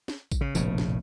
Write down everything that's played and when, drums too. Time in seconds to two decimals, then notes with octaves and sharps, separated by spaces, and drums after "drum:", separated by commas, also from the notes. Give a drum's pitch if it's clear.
0.08 drum: snare
0.32 drum: kick A1, tambourine
0.41 C#3
0.55 F1 A#1 A2 C#3, drum: tambourine
0.78 drum: snare